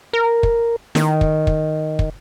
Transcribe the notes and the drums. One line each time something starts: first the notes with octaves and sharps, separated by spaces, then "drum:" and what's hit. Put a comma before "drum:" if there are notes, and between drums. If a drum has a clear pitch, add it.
A#4
drum: kick
D#3, drum: snare
drum: kick
drum: kick
drum: kick